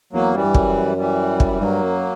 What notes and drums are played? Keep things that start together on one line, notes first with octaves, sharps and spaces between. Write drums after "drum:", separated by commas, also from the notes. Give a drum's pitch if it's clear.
E2 F#3 A#3
F#2 E3 G3
G2
F#2, drum: kick
E3 G3
drum: kick
G2 F#3 A#3
F#2